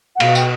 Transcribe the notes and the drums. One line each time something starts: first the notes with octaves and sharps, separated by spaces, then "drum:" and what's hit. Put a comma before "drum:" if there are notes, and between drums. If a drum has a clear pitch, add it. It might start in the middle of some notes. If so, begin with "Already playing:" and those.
F#5
B2 F5, drum: cymbal
G5, drum: tambourine